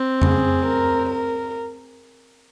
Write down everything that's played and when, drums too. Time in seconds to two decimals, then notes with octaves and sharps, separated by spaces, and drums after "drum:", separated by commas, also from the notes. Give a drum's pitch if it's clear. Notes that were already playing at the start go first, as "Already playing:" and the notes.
Already playing: C4
0.22 G#4, drum: tom F2
0.66 A#4
1.09 A#4